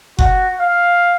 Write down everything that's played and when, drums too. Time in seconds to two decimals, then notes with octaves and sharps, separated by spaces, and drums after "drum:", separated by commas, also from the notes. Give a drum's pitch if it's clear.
0.19 F#4, drum: kick F#1
0.59 F5